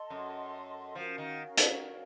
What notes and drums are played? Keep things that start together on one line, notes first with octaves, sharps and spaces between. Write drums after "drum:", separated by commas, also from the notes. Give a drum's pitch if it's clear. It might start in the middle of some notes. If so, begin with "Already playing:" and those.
Already playing: A4 D#5 A5 C6
F#2
F3 C#4 F#4 A#4 F5
D#3
drum: hi-hat